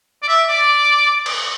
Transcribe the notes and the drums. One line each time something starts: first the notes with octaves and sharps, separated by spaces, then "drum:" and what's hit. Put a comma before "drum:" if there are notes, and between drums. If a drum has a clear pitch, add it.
D5
E5
D5
drum: cymbal